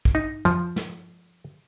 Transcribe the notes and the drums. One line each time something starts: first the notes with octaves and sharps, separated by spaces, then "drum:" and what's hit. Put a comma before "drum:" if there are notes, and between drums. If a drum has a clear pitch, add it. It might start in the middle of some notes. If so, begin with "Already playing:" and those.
drum: kick
D#4
F3, drum: tom
drum: snare